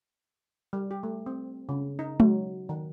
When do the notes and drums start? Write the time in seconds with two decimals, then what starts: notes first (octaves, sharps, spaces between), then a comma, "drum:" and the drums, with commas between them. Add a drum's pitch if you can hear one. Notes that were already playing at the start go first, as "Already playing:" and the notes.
0.73 G3
0.91 G4
1.03 A3
1.26 C4
1.69 C#3
1.99 D#4
2.20 F#3, drum: tom G#3
2.69 D#3